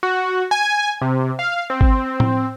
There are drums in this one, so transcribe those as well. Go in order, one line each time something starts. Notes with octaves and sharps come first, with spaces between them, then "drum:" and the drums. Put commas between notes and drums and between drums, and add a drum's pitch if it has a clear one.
F#4
G#5
C3
F5
C4
drum: kick G#1
drum: tom A2